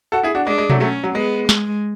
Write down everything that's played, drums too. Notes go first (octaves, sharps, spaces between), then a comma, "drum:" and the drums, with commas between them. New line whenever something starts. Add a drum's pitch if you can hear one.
F#4 A4
E4 G#4
D4 F#4
G#3 D4
G#3
F#3 A3, drum: tom B2
F#3 A3 C#4
F#3
G#3 B3
G#3, drum: snare